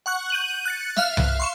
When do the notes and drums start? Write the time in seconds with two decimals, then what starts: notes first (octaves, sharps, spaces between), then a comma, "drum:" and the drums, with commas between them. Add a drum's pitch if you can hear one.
0.06 F#5 C#6 F#6
0.30 G6 D#7 F#7
0.65 F#6 A6 C#7
0.97 E5 F5 F6 F#6, drum: snare
1.17 drum: tom C2
1.40 C6 C#6 E7